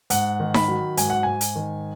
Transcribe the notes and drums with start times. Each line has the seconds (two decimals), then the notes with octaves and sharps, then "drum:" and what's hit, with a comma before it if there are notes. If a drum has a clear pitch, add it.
0.10 G#2 F#5, drum: hi-hat
0.40 D#3
0.54 B5, drum: snare D#4
0.68 F#3
0.97 G#2 G#5, drum: hi-hat
1.10 F#5
1.23 G#2 G#5
1.41 drum: hi-hat
1.56 D#3